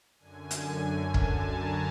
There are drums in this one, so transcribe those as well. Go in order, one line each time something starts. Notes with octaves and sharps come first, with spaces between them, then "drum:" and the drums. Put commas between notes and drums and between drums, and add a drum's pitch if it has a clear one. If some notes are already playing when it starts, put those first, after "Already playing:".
F#2 D3 G#5
drum: hi-hat
A5, drum: kick
A#5